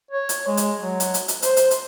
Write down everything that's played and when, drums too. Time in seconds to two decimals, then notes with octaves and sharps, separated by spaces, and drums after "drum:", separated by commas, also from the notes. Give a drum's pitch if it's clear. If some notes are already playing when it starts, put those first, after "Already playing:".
0.11 C#5
0.29 drum: hi-hat
0.47 G#3
0.57 drum: hi-hat
0.79 F#3
1.00 drum: hi-hat
1.14 drum: hi-hat
1.28 drum: hi-hat
1.42 C5, drum: hi-hat
1.57 drum: hi-hat
1.71 drum: hi-hat